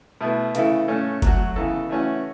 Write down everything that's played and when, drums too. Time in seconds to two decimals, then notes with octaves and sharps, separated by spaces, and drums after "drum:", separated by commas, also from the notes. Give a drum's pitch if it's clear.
0.21 B2 A3 E4 B4
0.55 C#3 E3 A3 E4 A4, drum: hi-hat
0.88 A2 A3 C#4 A4
1.22 F#3 A3 F#4, drum: kick F#1, hi-hat
1.56 C#3 E3 B3 A4
1.89 E3 A3 C#4 F#4